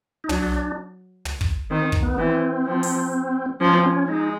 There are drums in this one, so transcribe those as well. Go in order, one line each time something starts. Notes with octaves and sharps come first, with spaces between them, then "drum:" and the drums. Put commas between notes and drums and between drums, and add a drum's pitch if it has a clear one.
D#4
F#3 D4, drum: tom
drum: tom
drum: kick
D#3 C4
drum: kick
B3
E3 C4
F3
drum: open hi-hat
F3 C#4
C4
C#4
G#3 D#4